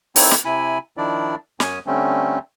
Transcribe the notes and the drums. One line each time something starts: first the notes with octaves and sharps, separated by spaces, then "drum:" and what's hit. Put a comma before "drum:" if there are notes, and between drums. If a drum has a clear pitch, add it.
C4 D#4 E4 A4 C#5, drum: open hi-hat
drum: snare
C3 E4 G#5 B5
D#3 F3 D4 E4 D5
F#2 C#4 C#5 G#5 D#6, drum: snare
D3 G3 A3 C4 C#4